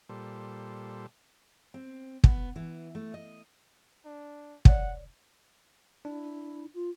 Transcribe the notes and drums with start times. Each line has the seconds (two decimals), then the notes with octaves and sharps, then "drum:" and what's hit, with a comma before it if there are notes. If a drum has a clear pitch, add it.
0.09 A#2 G3 A4 C5
1.74 C4
2.24 B3, drum: kick
2.56 E3
2.95 A3
3.14 D#5
4.05 D4
4.65 C#5 D5 F#5, drum: kick
6.05 D4 E4
6.74 F4